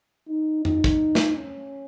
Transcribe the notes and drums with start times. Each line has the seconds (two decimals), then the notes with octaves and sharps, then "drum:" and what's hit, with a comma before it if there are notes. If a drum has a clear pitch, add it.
0.29 D#4
0.65 D#4, drum: tom F2
0.84 drum: kick
1.15 drum: snare
1.36 C#4